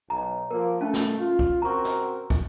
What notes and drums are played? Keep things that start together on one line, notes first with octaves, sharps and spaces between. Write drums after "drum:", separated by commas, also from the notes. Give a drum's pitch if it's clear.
B1 A#5
F3 A#3 A#4
A3 C#4 D#4
drum: snare
F4
drum: kick
C4 F#4 A#4 A#5 C#6
drum: snare
drum: kick